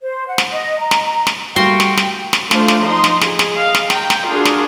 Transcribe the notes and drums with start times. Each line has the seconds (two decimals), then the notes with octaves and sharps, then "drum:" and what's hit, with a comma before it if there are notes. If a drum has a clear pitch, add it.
0.02 C5
0.27 F#5
0.38 drum: snare
0.51 D#5
0.78 A#5
0.91 drum: snare
1.05 A#5
1.27 drum: snare
1.56 G3 A3 A#3 F#4 F5 G5 C6
1.80 drum: snare
1.97 drum: snare
2.33 drum: snare
2.51 A3 D4 F4 C5 D5, drum: snare
2.68 drum: snare
2.83 F3 D#4 D#5 A#5 C6
3.04 drum: snare
3.21 G#4, drum: snare
3.39 drum: snare
3.55 D#5 F5
3.75 drum: snare
3.90 G5 A#5, drum: snare
4.10 drum: snare
4.29 D4 F4 F#4 G#4 A#4
4.45 drum: snare